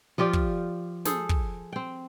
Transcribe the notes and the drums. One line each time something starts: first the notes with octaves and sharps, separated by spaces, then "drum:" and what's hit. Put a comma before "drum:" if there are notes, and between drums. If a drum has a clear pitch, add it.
F3 F4 G4 D5
drum: kick
G#4 A4 C5, drum: snare
drum: kick
C4 G5